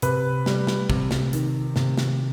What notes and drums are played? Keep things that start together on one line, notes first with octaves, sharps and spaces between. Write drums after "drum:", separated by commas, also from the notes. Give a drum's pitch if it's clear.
C3 B4, drum: hi-hat
G3, drum: snare
drum: snare
C3, drum: kick
drum: snare
D#3, drum: hi-hat
C3, drum: snare
drum: snare